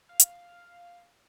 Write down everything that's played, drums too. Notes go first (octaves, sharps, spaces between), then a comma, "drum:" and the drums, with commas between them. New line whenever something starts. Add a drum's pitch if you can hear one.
F5
drum: hi-hat